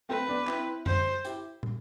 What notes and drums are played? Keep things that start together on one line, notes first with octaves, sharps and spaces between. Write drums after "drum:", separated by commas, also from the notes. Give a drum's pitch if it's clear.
A3 C4 B4
B3 D4
C4 E4, drum: clap
C5, drum: tom F#2
E4 G4, drum: hi-hat
drum: tom